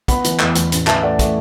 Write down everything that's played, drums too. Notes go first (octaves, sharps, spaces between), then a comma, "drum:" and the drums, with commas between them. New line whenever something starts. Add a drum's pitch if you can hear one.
B3 F#5 B5, drum: kick, hi-hat
E3, drum: hi-hat
E2, drum: clap
E2, drum: hi-hat
A1, drum: hi-hat
E3 E5 A5, drum: clap
A3 D5 F#5
A3, drum: kick, hi-hat